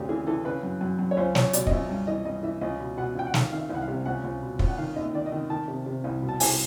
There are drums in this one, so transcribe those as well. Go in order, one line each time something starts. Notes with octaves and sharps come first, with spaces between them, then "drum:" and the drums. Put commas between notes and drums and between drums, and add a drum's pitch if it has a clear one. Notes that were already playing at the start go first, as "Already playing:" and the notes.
Already playing: D2 C#3 G4
E3 G#4
E3 A4
C#3 B4
F#2
F#2
F#2
C#5
C#2 C5
C#2 C#5, drum: snare
B2 D5, drum: hi-hat
D#5, drum: kick
C#2 E5
G2
E3 D#5
G2 D#5
E3 E5
C#2 D#5
B2
B2 F#5
C#2 G5
F#5
D#3 F5, drum: snare
D#3 F5
E5
C2
F#5
F5
C3
C#2 F#5
C#2
B2
C#2, drum: kick
F#5
D#3 F5
D#2 D#5
E5
D#3 D5
D#5
D#3
D#3 A5
C3
C3
C2
B2
A5
C2 G#5, drum: open hi-hat